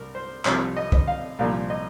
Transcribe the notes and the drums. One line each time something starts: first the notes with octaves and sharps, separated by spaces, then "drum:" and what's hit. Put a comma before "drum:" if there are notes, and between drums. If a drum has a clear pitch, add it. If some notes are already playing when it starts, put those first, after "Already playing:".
Already playing: C2 A#4
C5
C2 C3 F3 C#5, drum: clap
D#5
drum: kick
F5
C2 A#2 F3 F5
D#5